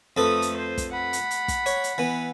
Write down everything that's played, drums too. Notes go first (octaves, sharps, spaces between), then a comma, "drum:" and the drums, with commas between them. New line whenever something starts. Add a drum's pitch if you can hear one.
F2 A3 A4 B4 D#6
drum: hi-hat
C5
drum: kick, hi-hat
F#5 B5
drum: hi-hat
drum: hi-hat
drum: kick, hi-hat
C#5, drum: hi-hat
drum: hi-hat
E3 B3